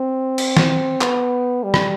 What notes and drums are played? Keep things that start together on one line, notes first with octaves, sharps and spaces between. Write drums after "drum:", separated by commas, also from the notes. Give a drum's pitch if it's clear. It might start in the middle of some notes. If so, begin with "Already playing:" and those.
Already playing: C4
drum: cymbal
drum: snare
B3, drum: clap
G3
drum: rim click